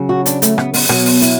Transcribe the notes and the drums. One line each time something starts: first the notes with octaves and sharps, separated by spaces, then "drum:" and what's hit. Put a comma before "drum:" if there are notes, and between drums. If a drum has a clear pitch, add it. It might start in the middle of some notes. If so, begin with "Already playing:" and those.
Already playing: C#3 F#3
F#4
D4, drum: hi-hat
A3, drum: hi-hat
B3, drum: rim click
B3, drum: open hi-hat
B2 F#3 B3, drum: rim click
drum: open hi-hat
E4, drum: hi-hat